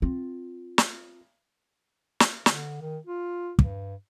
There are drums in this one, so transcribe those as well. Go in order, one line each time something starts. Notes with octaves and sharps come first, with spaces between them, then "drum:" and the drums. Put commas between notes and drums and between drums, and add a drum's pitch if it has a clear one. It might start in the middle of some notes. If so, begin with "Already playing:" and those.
C4 F4
drum: snare
drum: snare
D3, drum: snare
D#3
F4
G2, drum: kick